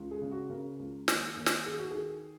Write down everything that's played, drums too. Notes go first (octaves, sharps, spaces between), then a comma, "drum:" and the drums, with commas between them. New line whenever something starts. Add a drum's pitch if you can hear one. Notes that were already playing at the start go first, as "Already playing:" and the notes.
Already playing: C#2
G#4
C#3
F#4
C#3 A#4
C#2
D#2, drum: snare
D#2
drum: snare
D#3 G#4
F#4
D#3 G#4